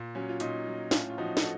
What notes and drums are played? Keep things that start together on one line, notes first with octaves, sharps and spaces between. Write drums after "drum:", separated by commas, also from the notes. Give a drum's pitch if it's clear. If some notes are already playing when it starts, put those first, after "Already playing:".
Already playing: A#2
F#3 C#4
F4
A#2 D#4, drum: hi-hat
F#3
A2 C#4 F4, drum: snare
F4
F3 D#4 F#4
A4, drum: snare
F#4